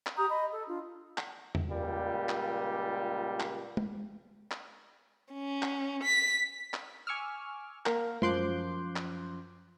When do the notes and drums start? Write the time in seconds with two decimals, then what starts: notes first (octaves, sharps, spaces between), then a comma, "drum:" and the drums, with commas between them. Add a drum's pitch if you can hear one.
0.07 drum: clap
0.17 G4 A#5 D#6 G6
0.29 D#5 B5
0.52 A4
0.67 D4 F4
1.18 drum: clap
1.55 drum: tom E2
1.70 C#2 A#2 G3
2.29 drum: clap
3.40 drum: clap
3.77 drum: tom G#3
4.51 drum: clap
5.33 C#4
5.63 drum: clap
6.03 B6
6.74 drum: clap
7.07 G#5 C#6 D6 E6 F6
7.86 A#3 A#4, drum: clap
8.22 F#2 F3 C6 D6 F#6 G6, drum: tom G#3
8.96 drum: clap